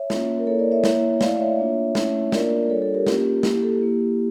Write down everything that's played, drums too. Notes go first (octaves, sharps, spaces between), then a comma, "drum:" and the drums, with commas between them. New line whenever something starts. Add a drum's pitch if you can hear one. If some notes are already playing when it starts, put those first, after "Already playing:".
Already playing: C#5 E5
A#3 C#4 F4, drum: snare
A#4
A#3 E4 A4 C#5
A#4 D5
C#5 E5
A#3 E4, drum: snare
A3 E4 D5 F5, drum: snare
C#5 E5
A#3 D4 F4
A3 C#4 E4, drum: snare
A#3 D4 F4 A#4 D5, drum: snare
A#4 D5
A#4 D5
G3 D4 F4 A4 C#5
A4
G4 A#4
A#3 C#4 F4 G4, drum: snare
G4
A#3 E4 G4, drum: snare
G4
A4
G4
A#3 E4